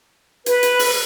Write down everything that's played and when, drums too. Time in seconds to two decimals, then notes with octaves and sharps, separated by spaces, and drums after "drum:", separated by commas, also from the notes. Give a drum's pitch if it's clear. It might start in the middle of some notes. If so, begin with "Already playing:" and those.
0.46 B4, drum: hi-hat
0.63 drum: hi-hat
0.79 drum: open hi-hat